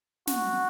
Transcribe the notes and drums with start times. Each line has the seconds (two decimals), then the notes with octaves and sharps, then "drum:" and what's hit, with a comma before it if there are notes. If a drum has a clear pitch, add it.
0.27 F#4, drum: snare